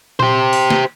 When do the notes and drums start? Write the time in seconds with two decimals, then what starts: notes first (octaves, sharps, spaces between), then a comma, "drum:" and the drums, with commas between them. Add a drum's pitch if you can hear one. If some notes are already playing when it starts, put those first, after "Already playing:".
0.20 G4 C5, drum: tom A#2
0.53 drum: open hi-hat
0.70 drum: snare